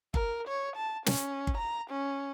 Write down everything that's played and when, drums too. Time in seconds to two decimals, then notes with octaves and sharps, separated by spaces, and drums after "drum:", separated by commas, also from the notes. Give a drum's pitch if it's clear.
0.14 A#4, drum: kick G1
0.48 C#5
0.76 A5
1.06 C#4, drum: snare
1.47 drum: kick G1
1.57 A#5
1.91 C#4